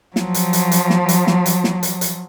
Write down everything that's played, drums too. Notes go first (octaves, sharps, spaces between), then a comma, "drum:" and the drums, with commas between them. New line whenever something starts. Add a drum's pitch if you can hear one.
F3 F#3, drum: snare
drum: hi-hat
drum: hi-hat
drum: hi-hat
drum: snare
drum: hi-hat
drum: snare
drum: hi-hat
drum: snare
drum: hi-hat
drum: hi-hat